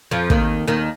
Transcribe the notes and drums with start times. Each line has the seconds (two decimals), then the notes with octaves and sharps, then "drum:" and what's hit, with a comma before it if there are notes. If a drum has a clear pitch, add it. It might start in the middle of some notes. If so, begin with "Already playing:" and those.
0.11 F2 F3
0.30 D#2 D#3, drum: kick
0.67 D#2 D#3